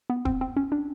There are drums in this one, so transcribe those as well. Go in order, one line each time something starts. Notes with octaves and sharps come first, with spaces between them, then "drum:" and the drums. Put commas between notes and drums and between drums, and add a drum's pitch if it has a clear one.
B3
C4, drum: kick D#1
C4
C#4
D4